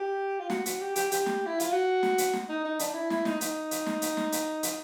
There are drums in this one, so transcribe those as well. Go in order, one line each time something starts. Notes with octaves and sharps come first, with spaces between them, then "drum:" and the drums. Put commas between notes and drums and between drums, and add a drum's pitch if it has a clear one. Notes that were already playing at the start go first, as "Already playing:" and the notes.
Already playing: G4
F4
F#4, drum: snare
F#4, drum: hi-hat
G4
G4, drum: hi-hat
G4, drum: hi-hat
drum: snare
E4
F4, drum: hi-hat
F#4
drum: snare
drum: hi-hat
drum: snare
D#4
D#4
D4, drum: hi-hat
E4
E4, drum: snare
D#4, drum: snare
D#4, drum: hi-hat
drum: hi-hat
drum: snare
drum: hi-hat
drum: snare
drum: hi-hat
drum: hi-hat